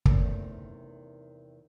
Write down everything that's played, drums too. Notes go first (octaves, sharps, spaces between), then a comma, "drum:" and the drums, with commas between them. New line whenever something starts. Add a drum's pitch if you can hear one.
E2 C3 D#3 A3 A#3 C#4, drum: kick